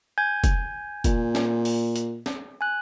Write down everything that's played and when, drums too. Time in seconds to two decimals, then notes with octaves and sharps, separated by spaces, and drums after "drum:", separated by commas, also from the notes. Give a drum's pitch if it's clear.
0.18 G#5 G6 G#6
0.44 drum: kick, hi-hat
1.04 A#2, drum: kick, hi-hat
1.35 drum: snare
1.65 drum: open hi-hat
1.96 drum: hi-hat
2.26 drum: snare
2.61 G#5 F#6